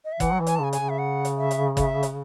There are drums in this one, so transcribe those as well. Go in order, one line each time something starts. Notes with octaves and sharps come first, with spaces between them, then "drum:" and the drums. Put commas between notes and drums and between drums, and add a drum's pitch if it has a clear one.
D#5
E5
E3 F#5, drum: kick G1, hi-hat
F#3
E3
G#5, drum: hi-hat
A5
C#3 G#5
G#5, drum: hi-hat
C#3
E5
F#5
drum: hi-hat
E5
drum: hi-hat
E5, drum: kick G1, hi-hat
drum: hi-hat